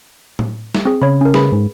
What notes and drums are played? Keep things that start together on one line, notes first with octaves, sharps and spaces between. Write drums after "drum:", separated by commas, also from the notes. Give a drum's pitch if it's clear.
drum: tom A2
drum: snare
C4 G#4
C#3 C#5 B5
C#4 A#4
G#4 B4 B5, drum: snare
G#2